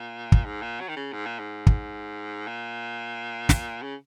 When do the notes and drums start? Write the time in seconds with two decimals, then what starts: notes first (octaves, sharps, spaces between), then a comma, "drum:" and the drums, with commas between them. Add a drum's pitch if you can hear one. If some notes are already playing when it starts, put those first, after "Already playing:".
Already playing: A#2
0.32 drum: kick
0.45 G#2
0.62 A#2
0.80 F#3
0.88 D#3
0.96 C#3
1.13 G#2
1.26 A#2
1.39 G#2
1.67 drum: kick
2.47 A#2
3.49 drum: snare
3.82 C#3